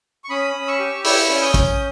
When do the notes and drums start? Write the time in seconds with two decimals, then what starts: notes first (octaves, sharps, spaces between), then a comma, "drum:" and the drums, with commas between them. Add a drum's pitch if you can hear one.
0.24 C#6
0.30 C#4 B5 D#6
0.55 C#4
0.67 C#6 E6
0.79 G4
1.04 E4 C#6 E6, drum: open hi-hat
1.29 C#4
1.42 D#6 G6
1.54 C#4, drum: kick, hi-hat